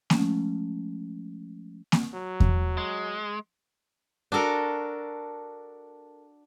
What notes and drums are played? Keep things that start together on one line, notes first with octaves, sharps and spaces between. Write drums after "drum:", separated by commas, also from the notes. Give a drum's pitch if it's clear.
F3 G#3 A3 C#4, drum: snare A#3
drum: snare A#3
F#3
drum: kick E2
G#3
D4 F#4 A4 A#4